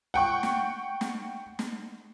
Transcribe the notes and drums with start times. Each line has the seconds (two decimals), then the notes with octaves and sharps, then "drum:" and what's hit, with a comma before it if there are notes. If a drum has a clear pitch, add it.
0.14 F#5 G5 C#6
0.43 drum: snare
1.01 drum: snare
1.59 drum: snare